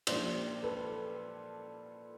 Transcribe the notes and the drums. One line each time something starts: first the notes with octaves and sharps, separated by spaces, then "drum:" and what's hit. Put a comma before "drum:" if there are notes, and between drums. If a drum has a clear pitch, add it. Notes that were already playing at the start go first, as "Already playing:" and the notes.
A#2 F3 C5 D5, drum: cymbal
A4 B4